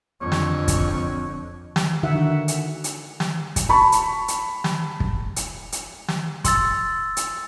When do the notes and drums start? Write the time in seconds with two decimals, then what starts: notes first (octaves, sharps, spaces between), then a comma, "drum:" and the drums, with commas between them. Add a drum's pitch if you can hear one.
0.21 F2 D3 C#5
0.32 drum: snare
0.68 drum: kick, hi-hat
1.76 drum: snare
2.03 D3 D#3 D#4 F#4 E5 F#5
2.48 drum: hi-hat
2.84 drum: hi-hat
3.20 drum: snare
3.56 drum: kick, hi-hat
3.69 A5 B5 C#6
3.92 drum: hi-hat
4.28 drum: hi-hat
4.64 drum: snare
5.00 drum: kick
5.36 drum: hi-hat
5.72 drum: hi-hat
6.08 drum: snare
6.44 C6 E6 A6, drum: kick, hi-hat
7.17 drum: hi-hat